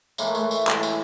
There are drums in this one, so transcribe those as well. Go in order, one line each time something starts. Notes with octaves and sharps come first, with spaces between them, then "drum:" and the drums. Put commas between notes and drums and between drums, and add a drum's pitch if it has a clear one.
A2 E3 G#3 A#3, drum: tambourine
A3
G#3, drum: tambourine
A3
drum: tambourine
A2 E3 G#3, drum: clap
drum: tambourine